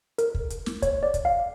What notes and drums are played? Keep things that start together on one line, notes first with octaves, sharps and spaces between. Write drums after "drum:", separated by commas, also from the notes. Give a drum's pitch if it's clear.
A#4, drum: hi-hat
drum: kick
drum: hi-hat
drum: snare
C#5, drum: kick, hi-hat
D5
drum: kick, hi-hat
F5